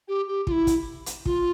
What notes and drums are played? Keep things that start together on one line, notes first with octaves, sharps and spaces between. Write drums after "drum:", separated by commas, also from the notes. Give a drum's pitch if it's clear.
G4
G4
F4, drum: kick
E4
drum: kick, hi-hat
drum: hi-hat
F4, drum: kick